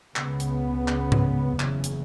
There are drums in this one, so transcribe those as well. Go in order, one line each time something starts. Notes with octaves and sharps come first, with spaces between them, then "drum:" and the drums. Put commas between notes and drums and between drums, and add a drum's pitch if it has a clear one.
C#2 C#3 B3, drum: clap
drum: hi-hat
drum: clap
drum: tom G#2
F#1 E2 C#3, drum: clap
drum: hi-hat